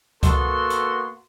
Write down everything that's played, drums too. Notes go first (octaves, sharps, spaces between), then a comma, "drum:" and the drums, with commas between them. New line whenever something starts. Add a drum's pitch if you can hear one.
A#3 B3 F#4 A4 A#4 C6, drum: kick C#2, hi-hat
drum: hi-hat